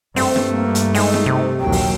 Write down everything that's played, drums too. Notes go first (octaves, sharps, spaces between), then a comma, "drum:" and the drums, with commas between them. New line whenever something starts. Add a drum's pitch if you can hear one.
G2 A3 C4, drum: open hi-hat
drum: snare
A#3
drum: hi-hat
G#3 D#4, drum: open hi-hat
drum: snare
C3
A#1 D#2 F#3 G5
drum: open hi-hat